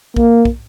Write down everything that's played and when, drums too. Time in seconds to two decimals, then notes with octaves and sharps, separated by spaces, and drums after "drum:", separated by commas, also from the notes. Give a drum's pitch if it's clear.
0.16 A#3, drum: kick
0.45 drum: kick